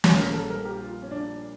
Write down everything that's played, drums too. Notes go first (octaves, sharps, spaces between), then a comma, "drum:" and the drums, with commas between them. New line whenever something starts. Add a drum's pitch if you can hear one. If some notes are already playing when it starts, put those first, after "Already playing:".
A#1 A#2 G3 C#5, drum: snare
A#4
A4
A#4
G4
F4
C#4
D4